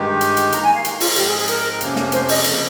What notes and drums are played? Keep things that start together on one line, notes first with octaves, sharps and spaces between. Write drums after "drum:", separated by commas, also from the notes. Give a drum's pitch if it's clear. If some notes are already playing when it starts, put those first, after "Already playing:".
Already playing: G2 D#3 G#3 D#4 G4
drum: hi-hat
drum: hi-hat
D#3 A#3 D#4 A#5, drum: hi-hat
G#5
F5
drum: hi-hat
F4, drum: open hi-hat
G#2 F3 G#3 C4 G4, drum: hi-hat
G#4
G#4
A#4, drum: hi-hat
F2 C3 F3 A#3 C#4, drum: hi-hat
drum: snare
C5, drum: hi-hat
D#5, drum: open hi-hat
C#3 F3 A#3, drum: hi-hat